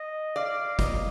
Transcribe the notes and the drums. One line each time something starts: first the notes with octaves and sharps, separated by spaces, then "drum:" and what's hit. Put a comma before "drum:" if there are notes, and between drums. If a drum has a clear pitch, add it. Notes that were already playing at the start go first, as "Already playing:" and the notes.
Already playing: D#5
D5 F5
D#5, drum: kick, hi-hat